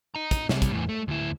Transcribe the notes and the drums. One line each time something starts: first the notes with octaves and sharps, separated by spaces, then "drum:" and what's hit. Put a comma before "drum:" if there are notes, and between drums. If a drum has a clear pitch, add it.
D#5 A#5
drum: kick, hi-hat
C3 G3, drum: snare
drum: kick, hi-hat
E2 A2
A3
D2 E4